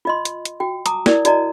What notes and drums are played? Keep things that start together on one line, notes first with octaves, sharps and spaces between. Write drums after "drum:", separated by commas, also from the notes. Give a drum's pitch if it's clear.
F4 D#5 C6
drum: hi-hat
drum: hi-hat
F#4 G5
A5 A#5 D6 D#6, drum: hi-hat
E4 A#4 D5, drum: snare
F#4 D5 D#5 A5 A#5, drum: hi-hat